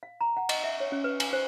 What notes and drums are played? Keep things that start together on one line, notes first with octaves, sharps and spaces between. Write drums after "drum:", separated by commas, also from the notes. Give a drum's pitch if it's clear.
F5
A#5
F#5
D#5, drum: cymbal
E5
C#5
C#4
B4
G#5, drum: cymbal
C5